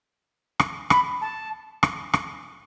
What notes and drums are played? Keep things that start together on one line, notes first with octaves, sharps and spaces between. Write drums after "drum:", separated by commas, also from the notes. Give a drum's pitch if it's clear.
drum: rim click
B5, drum: rim click
A5
drum: rim click
drum: rim click